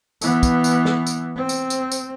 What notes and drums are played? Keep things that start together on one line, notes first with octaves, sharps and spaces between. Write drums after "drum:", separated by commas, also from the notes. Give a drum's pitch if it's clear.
E3 B3, drum: tambourine
drum: kick, tambourine
drum: tambourine
drum: snare
drum: tambourine
C4
drum: tambourine
drum: tambourine
drum: tambourine